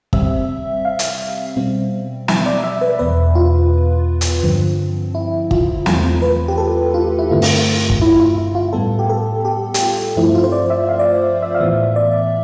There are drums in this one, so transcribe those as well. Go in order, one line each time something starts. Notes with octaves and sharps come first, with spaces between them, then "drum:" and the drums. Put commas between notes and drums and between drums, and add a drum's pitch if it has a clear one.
C3 G3 C4 E5, drum: kick
F5
drum: hi-hat
B2 G3 C4
E5, drum: snare
D5
E5
B4
E2 B2 B3 B4
F4
drum: hi-hat
G2 D3 F3 C4
E4
F4, drum: kick
E2 C3 E3 A3 C4 F4, drum: snare
B4
G4
A4
F4
E4
G2 D3 A3 C4 F4
drum: open hi-hat
drum: kick
E4
F4
E4
F4
A2 G3 B3 A4
G4
A4
G4
G4, drum: hi-hat
F4
G2 F3 A3 C4 E4
F4
C5
D5
E5
F5
D5
E5
E5
F5
A2 E3 B3 E5
D5